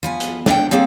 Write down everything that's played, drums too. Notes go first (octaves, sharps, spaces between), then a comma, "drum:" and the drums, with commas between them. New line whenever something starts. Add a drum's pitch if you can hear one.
F3 B3 G#5
drum: hi-hat
D4 F#5 G5, drum: snare
A#3 C4 C#4 G#4 A4